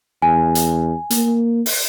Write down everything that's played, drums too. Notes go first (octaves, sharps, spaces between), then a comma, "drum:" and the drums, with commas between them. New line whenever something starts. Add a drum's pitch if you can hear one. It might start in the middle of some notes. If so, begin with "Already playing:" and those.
E2 G#5
drum: hi-hat
A#3, drum: hi-hat
drum: open hi-hat